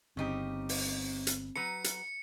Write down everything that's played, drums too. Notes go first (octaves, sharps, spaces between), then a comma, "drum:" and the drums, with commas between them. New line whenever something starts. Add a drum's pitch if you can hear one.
G1 C#3 C4 D#4 G4
drum: open hi-hat
drum: hi-hat
F#3 B4 A#5 C#7
drum: hi-hat